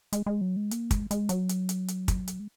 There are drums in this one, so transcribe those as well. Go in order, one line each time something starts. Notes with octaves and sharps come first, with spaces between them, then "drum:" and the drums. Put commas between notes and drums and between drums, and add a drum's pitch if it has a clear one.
G#3, drum: hi-hat
G#3
F#3
G#3
A#3, drum: hi-hat
G#3, drum: kick, hi-hat
G#3, drum: hi-hat
F#3, drum: hi-hat
drum: hi-hat
drum: hi-hat
drum: hi-hat
drum: kick, hi-hat
drum: hi-hat
G#3